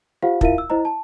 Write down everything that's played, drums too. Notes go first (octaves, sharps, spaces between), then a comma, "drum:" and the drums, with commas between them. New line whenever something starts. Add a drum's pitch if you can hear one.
F4 G4 C5 F5 F#5
E4 F4 A#4 E5 F5 D#7, drum: kick
E6
E4 C5 D#5 A#5
A5